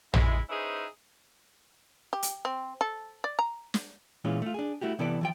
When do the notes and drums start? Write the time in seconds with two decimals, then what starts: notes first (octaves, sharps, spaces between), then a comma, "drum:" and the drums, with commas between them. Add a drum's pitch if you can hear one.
0.14 G#3 E4, drum: tom
0.50 C#4 D#4 E4 G#4 B4 C5
2.13 G4
2.23 drum: hi-hat
2.45 C4
2.81 A4
3.24 D5
3.39 A#5
3.74 drum: snare
4.24 A#2 E3 G#3 C#4 F4
4.42 A3 F4
4.54 D4 G#4
4.81 A3 E4 F#4 G4
4.99 C3 E3 B3 A4 B4 D5
5.21 E3 F3 G5